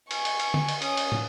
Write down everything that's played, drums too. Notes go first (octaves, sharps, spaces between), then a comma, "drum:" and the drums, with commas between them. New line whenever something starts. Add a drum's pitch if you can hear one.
G#5 C#6, drum: cymbal
drum: cymbal
drum: cymbal
drum: tom D3
drum: cymbal
C#4 D#6, drum: cymbal
drum: cymbal
drum: tom